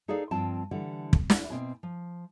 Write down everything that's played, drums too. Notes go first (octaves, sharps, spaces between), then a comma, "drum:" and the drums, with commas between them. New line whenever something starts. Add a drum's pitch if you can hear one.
D#4 G#4 A4 B4 D5 F5
G2 F3 C4 G5 A5
D3 E3 G3 F#5
drum: kick
E4, drum: snare
B2 C4 G#5
F3